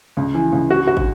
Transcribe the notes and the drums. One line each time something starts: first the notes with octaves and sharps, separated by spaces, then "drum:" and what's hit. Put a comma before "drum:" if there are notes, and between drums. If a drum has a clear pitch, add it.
C#2
E3
C#2
F#4
F#4
drum: kick